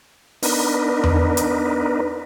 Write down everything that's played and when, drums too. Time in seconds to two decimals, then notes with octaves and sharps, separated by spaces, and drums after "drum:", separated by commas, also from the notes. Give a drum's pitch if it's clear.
0.43 B3 D4 D#4 A#4 B4, drum: open hi-hat
1.04 drum: tom E2
1.37 drum: hi-hat